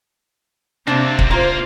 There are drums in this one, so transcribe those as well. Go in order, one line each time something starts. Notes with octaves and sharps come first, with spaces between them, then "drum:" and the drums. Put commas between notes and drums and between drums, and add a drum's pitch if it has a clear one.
D2 C3 A#3 C4 D4
drum: kick C#1
A#3 F4 C5 A#5